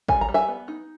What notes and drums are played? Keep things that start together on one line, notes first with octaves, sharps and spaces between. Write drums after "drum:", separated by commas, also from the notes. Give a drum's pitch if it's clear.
G3 G#5, drum: kick
A#5
G3
E5 G#5
B3
D#4